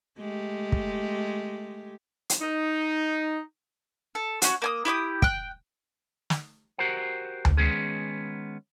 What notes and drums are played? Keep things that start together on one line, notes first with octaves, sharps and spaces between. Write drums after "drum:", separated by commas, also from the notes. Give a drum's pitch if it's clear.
G#3 A3 G4
drum: kick
drum: hi-hat
D#4
A4
C#4 F#4, drum: hi-hat
A#3 G#5 D#6
E4 G4 D6 D#6
G5 F#6, drum: kick
drum: snare
F#4 G4 A#4 C5 F#5
drum: tom D2
D#3 G#3 B3 C#4 G#4